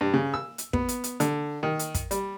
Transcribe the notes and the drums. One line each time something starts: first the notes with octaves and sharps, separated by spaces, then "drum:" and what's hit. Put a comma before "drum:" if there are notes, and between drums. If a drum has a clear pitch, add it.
G2
C#3
E6
drum: hi-hat
B3, drum: kick
drum: hi-hat
drum: hi-hat
D3, drum: hi-hat
D#3
drum: hi-hat
drum: kick, hi-hat
G3, drum: hi-hat